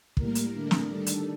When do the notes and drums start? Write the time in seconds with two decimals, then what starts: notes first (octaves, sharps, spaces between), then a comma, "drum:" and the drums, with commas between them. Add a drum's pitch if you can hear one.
0.17 A2 G3 A#3 A#4, drum: kick
0.35 drum: hi-hat
0.52 D3 A3 D4 A#4
0.71 drum: snare
0.88 D#3 G3 D4 A4
1.06 drum: hi-hat